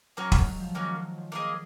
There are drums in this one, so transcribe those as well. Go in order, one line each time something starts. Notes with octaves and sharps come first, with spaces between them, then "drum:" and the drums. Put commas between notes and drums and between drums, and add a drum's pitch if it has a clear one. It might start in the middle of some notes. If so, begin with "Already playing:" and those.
F#3 A#3 C#4 F#4
G#3, drum: kick
F#3
F3
D#3 A#3 C#4 F#4
F3
F#3
F3
A#3 D#4 G#4 D#5